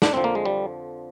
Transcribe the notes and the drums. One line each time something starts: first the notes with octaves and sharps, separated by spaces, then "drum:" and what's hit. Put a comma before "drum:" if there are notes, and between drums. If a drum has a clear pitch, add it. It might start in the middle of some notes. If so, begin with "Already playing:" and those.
D4, drum: snare
F2 D3 F3 C4
A#3
G#3
G3